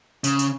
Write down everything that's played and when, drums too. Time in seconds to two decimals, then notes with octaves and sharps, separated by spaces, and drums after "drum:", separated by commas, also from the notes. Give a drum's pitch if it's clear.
0.24 C#3, drum: tambourine
0.39 drum: tambourine